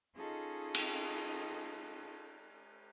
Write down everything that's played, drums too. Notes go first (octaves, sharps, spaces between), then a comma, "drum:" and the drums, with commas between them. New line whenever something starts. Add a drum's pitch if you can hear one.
C#4 D#4 F4 G#4 A4 D#5
drum: cymbal